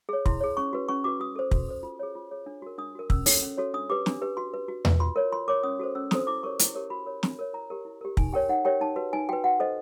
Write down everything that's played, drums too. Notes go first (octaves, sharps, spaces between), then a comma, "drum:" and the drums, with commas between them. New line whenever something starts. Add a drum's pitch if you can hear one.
G#4 C#5
E4 C6, drum: kick
G#4 C#5
C#4 C#6
F#4 B4
C#4 C#6
F#4 B4 D6
F#4 D#6
A4 C5
F#4, drum: kick
A4 C5
F4
G#4 C#5
F4
G#4 C#5
D4
F#4 A#4
D4 D#6
F#4 A#4
C#4 E6, drum: kick
F#4 A4 C#5, drum: open hi-hat
C#4
F#4 A4 C#5
D4 D#6
G4 B4 D6
D4, drum: snare
G4 B4
F#4 C6
B4
F#4
B4, drum: tom E2
F4 C6
A#4 C#5
F4 C6
A#4 C#5 D6
C#4 D#6
F#4 A4 C5
C#4 E6
F#4 A4 C5 D#6, drum: snare
E4 D6
G4 A#4 C#5 C#6
E4, drum: hi-hat
G4 A#4 C#5
F#4 B5
A#4 C#5
F#4, drum: snare
A#4 C#5
E4 A#5
G4 A#4
E4
G4 A#4
D#4 G#5, drum: kick
G4 A#4 C#5 G5
D#4 F#5
G4 A#4 C#5 G5
D#4 A5
F#4 B4
D#4 G#5
F#4 B4 G5
F#4 F#5
A4 C5 D#5